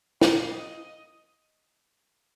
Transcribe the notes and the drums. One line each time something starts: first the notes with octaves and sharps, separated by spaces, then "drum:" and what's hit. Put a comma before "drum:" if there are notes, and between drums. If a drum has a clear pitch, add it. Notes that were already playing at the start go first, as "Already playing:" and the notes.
F5, drum: snare
D#5